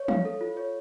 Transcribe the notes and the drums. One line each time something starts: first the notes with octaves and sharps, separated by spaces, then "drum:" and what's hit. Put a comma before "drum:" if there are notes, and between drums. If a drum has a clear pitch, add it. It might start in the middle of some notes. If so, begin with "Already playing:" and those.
Already playing: C#5
F5, drum: tom
A4
F4
C#5